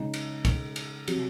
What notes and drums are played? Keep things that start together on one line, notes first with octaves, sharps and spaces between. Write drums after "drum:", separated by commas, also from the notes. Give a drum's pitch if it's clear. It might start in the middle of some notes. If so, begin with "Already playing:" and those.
Already playing: C#3 G#3 D#4 G#4
drum: cymbal
drum: kick, cymbal
drum: cymbal
C3 F#3, drum: cymbal